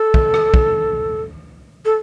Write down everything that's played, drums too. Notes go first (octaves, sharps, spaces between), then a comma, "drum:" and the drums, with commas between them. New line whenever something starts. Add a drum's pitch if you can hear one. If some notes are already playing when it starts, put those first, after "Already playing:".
Already playing: A4
drum: kick
drum: rim click
drum: kick
A4